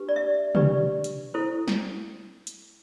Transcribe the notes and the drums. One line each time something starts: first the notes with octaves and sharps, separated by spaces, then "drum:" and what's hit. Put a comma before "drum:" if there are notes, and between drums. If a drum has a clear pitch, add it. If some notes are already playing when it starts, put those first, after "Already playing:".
Already playing: D4 G4 B4
D5
E5
D4 G4 B4 D5, drum: tom
drum: hi-hat
E4 A4 C5
drum: snare
drum: hi-hat